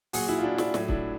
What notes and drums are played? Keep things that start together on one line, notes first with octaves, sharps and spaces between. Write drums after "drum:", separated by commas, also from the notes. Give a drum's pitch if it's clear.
A#2 F#3 F#4 G#4, drum: open hi-hat
E4 F#4
F4
D4 E4
D4 E4, drum: snare
A2 F#3, drum: snare
D4 E4, drum: kick